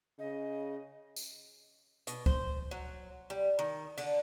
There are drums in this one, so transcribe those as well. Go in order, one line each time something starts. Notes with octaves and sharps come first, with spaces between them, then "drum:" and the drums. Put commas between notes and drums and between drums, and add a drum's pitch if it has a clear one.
C#3 D#5
drum: tambourine
B2, drum: hi-hat
C5, drum: kick C#2
F#3
G3
D#3
D3, drum: cymbal